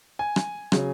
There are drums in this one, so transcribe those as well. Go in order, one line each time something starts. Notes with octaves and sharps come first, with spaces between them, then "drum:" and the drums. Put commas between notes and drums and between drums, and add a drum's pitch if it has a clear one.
G#5
drum: rim click
C#3 F#3 C#4, drum: rim click